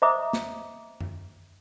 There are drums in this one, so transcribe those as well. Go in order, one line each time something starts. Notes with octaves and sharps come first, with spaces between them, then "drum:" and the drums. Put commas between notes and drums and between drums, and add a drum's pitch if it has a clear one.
C5 D#5 E5 A#5 D6 D#6
drum: snare
drum: tom F#2